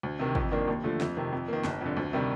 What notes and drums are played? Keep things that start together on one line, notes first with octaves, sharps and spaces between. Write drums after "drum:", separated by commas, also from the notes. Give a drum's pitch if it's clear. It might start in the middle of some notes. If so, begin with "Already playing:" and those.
D2
C3 D#3
F2, drum: kick
D#3 A#3 D4
D#2
D3 F3 A3
F2, drum: snare
C3 D#3
F2
D#3 A#3
G1, drum: snare
F2 D3
D2
C3 D#3 G3